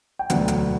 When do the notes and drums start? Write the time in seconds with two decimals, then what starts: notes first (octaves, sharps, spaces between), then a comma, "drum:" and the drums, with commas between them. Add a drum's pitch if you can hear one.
0.19 G5
0.30 E1 D2 D3 F#3 B3 F#5, drum: hi-hat
0.48 drum: hi-hat